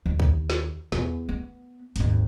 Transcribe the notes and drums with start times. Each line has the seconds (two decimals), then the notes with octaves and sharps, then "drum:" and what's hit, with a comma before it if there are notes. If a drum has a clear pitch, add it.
0.06 D#2, drum: tom D#3
0.20 drum: kick
0.50 drum: snare
0.92 E2, drum: snare
1.29 B3
1.96 G#1 D#2, drum: hi-hat